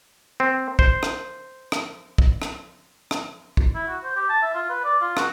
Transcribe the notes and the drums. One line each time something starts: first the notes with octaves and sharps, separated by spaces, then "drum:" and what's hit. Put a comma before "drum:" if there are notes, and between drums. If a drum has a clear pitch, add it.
C4
C5, drum: kick
drum: rim click
drum: rim click
drum: kick
drum: rim click
drum: rim click
drum: kick
E4
F#4
C5
G4
A5
E5
F4
B4
D5
F4
F#4, drum: rim click